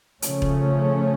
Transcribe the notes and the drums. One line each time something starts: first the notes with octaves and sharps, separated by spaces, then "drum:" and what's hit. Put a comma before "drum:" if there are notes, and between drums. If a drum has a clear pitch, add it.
C#3 F3 A3 C#4, drum: hi-hat
drum: kick E1